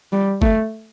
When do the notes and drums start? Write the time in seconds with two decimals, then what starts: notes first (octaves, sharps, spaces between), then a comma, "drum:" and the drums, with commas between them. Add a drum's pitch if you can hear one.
0.13 G3
0.42 A3, drum: kick